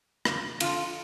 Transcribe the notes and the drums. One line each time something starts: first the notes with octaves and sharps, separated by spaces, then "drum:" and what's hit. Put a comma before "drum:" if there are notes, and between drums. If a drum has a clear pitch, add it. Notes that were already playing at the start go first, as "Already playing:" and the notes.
F2 D3 F3, drum: rim click
F2 D3 F3 F4, drum: cymbal